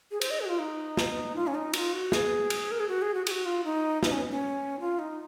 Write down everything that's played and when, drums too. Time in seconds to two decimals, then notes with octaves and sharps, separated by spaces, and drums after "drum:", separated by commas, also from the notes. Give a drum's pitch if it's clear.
0.11 G#4
0.21 C5, drum: cymbal
0.31 D#5
0.40 G#4
0.46 F#4
0.49 F4
0.59 D#4
0.97 drum: snare
1.36 F4
1.47 C#4
1.54 D#4
1.73 F#4, drum: cymbal
1.78 F4
1.93 F#4
2.12 G#4, drum: snare
2.50 drum: cymbal
2.71 A#4
2.80 G#4
2.88 F#4
3.02 G#4
3.14 F#4
3.27 G#4, drum: cymbal
3.31 F#4
3.46 F4
3.64 D#4
4.03 D#4, drum: snare
4.12 C#4
4.31 C#4
4.80 F4
4.99 D#4